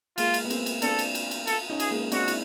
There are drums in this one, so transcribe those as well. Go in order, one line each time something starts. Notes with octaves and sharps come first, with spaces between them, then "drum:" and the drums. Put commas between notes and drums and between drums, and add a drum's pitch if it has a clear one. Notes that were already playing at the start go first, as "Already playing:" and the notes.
G#3 A#3 F4, drum: cymbal
drum: cymbal
B3
A#3 C4, drum: cymbal
drum: cymbal
C4 D4 A4, drum: cymbal
drum: cymbal
drum: cymbal
drum: cymbal
A4, drum: cymbal
C#4 D#4
G#4, drum: cymbal
G#3 A#3
C4 D4 F#4, drum: cymbal
E4, drum: cymbal